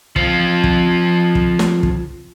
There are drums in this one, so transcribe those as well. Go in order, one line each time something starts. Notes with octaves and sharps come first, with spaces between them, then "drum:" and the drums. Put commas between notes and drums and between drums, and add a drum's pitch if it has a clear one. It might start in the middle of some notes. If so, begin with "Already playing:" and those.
F3 C4, drum: kick
drum: kick
drum: kick
drum: snare
drum: kick